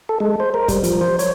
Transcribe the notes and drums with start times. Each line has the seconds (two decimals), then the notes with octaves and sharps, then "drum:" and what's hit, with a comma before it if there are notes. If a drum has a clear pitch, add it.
0.09 A4
0.20 G#3
0.40 C5
0.54 A#4
0.68 G3, drum: kick, hi-hat
0.83 F3, drum: hi-hat
1.01 C5
1.19 C#5, drum: hi-hat